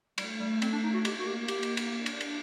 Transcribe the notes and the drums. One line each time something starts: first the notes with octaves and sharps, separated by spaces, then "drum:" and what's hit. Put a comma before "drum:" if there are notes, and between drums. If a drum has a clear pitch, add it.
G3 A3, drum: cymbal
G3
A3 C4, drum: cymbal
D4
D#4
F#4
A#3 G4, drum: cymbal
F#4
G4
A#3 G4, drum: cymbal
drum: cymbal
drum: cymbal
D4
drum: cymbal
drum: cymbal